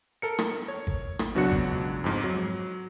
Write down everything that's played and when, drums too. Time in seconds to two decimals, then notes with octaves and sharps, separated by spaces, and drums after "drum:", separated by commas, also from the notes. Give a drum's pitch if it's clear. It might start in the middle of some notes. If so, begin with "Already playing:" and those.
0.22 A4 A#4 C#7
0.39 drum: rim click
0.68 C#5
0.87 drum: kick G#1
1.19 drum: rim click
1.35 C#2 B2 F#3 D4 F#4 C#7
1.52 drum: kick G#1
2.04 F2 G#2
2.24 F#3